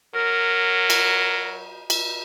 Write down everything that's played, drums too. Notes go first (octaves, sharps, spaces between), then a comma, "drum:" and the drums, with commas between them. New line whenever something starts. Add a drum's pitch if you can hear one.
F#3 A#4
drum: cymbal
drum: cymbal